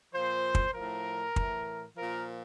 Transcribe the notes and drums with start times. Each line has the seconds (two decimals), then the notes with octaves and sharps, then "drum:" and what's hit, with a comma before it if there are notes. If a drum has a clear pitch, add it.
0.14 A#2 F3 C5
0.55 drum: kick
0.74 A2 F3 A#4
1.36 A2 E3, drum: kick
1.97 A#2 F3 A#4